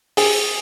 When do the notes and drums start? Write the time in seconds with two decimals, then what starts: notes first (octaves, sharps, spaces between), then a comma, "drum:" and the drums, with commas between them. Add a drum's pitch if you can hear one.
0.17 G#4, drum: open hi-hat